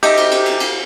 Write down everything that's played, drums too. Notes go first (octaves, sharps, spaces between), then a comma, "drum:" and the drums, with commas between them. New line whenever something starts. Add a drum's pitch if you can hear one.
D#4 G4 E5 A#5, drum: cymbal
drum: cymbal
drum: cymbal
drum: cymbal
drum: cymbal